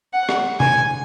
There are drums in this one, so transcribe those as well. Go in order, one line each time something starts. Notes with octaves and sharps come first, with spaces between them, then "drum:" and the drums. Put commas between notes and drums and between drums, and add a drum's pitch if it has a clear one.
F#5
drum: rim click
G#5, drum: tom C3